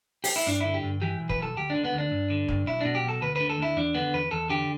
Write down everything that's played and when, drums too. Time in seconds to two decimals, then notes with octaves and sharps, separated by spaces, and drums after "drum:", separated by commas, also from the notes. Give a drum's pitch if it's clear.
0.24 G4, drum: open hi-hat
0.36 E4
0.46 G2 D4
0.61 D3 E4
0.74 G4
0.83 G2
1.02 E3 G4
1.20 B1
1.30 B4, drum: kick
1.39 B1 A4
1.57 D2 G4
1.70 D4
1.75 D3
1.84 B3
1.93 D2 D4
2.11 G2
2.30 D3
2.48 G2, drum: kick
2.66 B1 E4
2.81 B2 D4
2.95 G4
3.04 B1 A4
3.21 D2 B4
3.36 D3 B4
3.49 A4
3.58 D2 E4
3.77 E2 D4
3.95 D3 B3
4.14 E2 B4
4.31 E2 A4
4.50 D3 G4